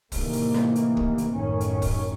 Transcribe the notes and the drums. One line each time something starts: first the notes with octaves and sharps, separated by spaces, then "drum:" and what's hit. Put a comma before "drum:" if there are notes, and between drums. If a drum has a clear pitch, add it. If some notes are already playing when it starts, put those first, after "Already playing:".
A2 C3 D#3 E3 A3 A#3, drum: kick, open hi-hat
drum: open hi-hat
drum: snare
drum: hi-hat
drum: kick
drum: hi-hat
A1 F#2 A2 D#3 C#4
drum: hi-hat
drum: kick, open hi-hat